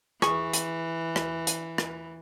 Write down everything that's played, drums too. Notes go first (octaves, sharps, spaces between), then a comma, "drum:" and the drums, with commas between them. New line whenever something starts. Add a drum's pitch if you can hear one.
E3 G#4 C#6, drum: rim click
drum: hi-hat
drum: rim click
drum: hi-hat
drum: rim click